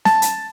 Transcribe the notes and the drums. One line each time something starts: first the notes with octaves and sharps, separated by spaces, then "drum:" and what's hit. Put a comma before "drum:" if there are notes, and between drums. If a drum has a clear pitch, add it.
A5, drum: snare
drum: hi-hat